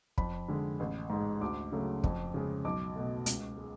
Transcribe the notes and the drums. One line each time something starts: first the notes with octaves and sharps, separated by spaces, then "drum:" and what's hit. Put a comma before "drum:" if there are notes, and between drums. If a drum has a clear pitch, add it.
F2 B5, drum: kick
D3 G#3
A1
G#2 G#3
D2 D6
C#3 F#3 A3
F2, drum: kick
C#3 G#3
B1 D6
B2 A3
C#2, drum: hi-hat
G#3